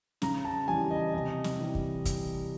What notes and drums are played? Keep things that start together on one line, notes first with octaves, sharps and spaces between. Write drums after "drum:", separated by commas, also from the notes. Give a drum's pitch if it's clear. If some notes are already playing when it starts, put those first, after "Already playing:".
C#3 A#5, drum: snare
A5
E3 G3 G#5
D#5
C3 D#5
drum: snare
E3 G3
drum: kick
drum: kick, hi-hat